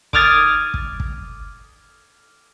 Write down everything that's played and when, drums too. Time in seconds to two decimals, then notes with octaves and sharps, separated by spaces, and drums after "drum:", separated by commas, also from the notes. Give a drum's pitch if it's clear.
0.13 D6 D#6 F6 G#6 A6 D7, drum: kick
0.74 drum: kick
1.00 drum: kick